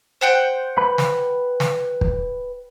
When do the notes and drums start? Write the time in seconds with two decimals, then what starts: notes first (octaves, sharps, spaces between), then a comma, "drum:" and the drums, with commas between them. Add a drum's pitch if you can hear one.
0.21 C5 F#5 G5
0.78 B4 B5
0.98 drum: snare
1.60 drum: snare
2.01 drum: kick